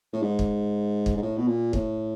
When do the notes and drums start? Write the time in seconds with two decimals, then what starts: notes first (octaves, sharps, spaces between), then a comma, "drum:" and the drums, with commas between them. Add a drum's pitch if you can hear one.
0.13 A2
0.23 G#2
0.39 drum: kick
1.06 drum: kick
1.17 G#2
1.22 A2
1.38 B2
1.48 A#2
1.73 A2, drum: kick